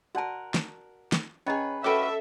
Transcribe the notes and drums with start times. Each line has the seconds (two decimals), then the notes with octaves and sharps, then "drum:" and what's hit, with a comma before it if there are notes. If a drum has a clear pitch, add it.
0.15 F#4 A#4 D5 F#5 A5
0.54 drum: snare
1.12 drum: snare
1.46 C#4 G#4 B4 C#5 D#5 A#5
1.84 C#4 F#4 A4 B4 C#5 E5 G5 D6